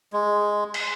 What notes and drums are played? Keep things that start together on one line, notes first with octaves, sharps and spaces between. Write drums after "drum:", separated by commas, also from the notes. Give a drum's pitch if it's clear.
G#3
drum: cymbal